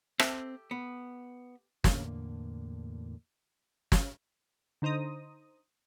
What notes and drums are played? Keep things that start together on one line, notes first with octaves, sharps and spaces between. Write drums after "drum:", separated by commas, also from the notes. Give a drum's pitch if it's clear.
C4 G4 A4 E5, drum: rim click
B3
E2 A2 D3 A#3, drum: snare
drum: snare
D3 D#4 C5 A#5 D#6